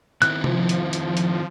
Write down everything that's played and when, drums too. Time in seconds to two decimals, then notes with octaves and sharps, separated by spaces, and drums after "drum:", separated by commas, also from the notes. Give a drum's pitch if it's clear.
0.22 D#3 C4 E4 F#6, drum: hi-hat
0.44 F3, drum: tom C3
0.69 drum: hi-hat
0.93 drum: hi-hat
1.17 drum: hi-hat